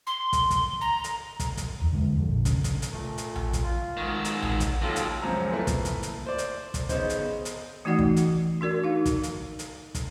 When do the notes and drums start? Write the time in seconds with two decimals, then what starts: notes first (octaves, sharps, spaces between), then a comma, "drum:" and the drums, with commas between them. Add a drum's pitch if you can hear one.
0.07 C6
0.33 drum: kick, hi-hat
0.50 drum: kick, hi-hat
0.81 A#5
1.04 drum: hi-hat
1.40 drum: kick, hi-hat
1.57 drum: kick, hi-hat
1.81 E2
1.93 D3 G#3
2.15 F2 D3
2.28 A#1
2.45 C#3, drum: kick, hi-hat
2.64 drum: kick, hi-hat
2.82 drum: hi-hat
2.92 A#2 A3
3.18 drum: hi-hat
3.35 drum: tom A#1
3.53 drum: kick, hi-hat
3.63 F4
3.97 G#2 D#3
4.13 E6
4.25 drum: hi-hat
4.42 drum: tom A#1
4.60 drum: kick, hi-hat
4.82 D#2 F#3 F4 A4
4.96 drum: hi-hat
5.22 C#2 F#2 F3 C4 G#5 A#5
5.52 A3 A#3 E4 B4
5.67 drum: kick, hi-hat
5.85 drum: kick, hi-hat
6.03 drum: hi-hat
6.26 C5 D5
6.38 drum: hi-hat
6.74 drum: kick, hi-hat
6.89 C#3 B3 C#4 D#4 C5, drum: kick, hi-hat
7.10 drum: hi-hat
7.45 drum: hi-hat
7.85 E3 A3 D#4 F#4 D5 F#5
7.99 drum: kick
8.16 drum: hi-hat
8.61 D4 F#4 A#4 D5
8.84 D#4 F5
9.05 drum: kick, hi-hat
9.23 drum: hi-hat
9.59 drum: hi-hat
9.95 drum: kick, hi-hat